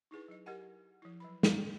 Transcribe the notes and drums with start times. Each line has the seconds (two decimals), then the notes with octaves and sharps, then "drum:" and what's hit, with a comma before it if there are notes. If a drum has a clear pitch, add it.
0.11 D#4 E4 G#4 B4
0.28 F#3 D#5
0.46 G4 A#4 D#5 F#5 G#5
1.02 F3 E4
1.20 F#3 B4 B5
1.43 D5 F5, drum: snare